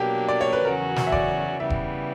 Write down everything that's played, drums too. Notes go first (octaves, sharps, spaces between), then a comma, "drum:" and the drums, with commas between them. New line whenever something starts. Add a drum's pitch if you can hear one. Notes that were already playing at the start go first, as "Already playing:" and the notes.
Already playing: B2 F#3 A#3 D4 G4
D5
C#5
B4
E2 C#3 F#3 C#4 F#4 A#4
drum: snare
E5
D5, drum: kick E1
C#3 E3 G3 B3 E5
drum: kick E1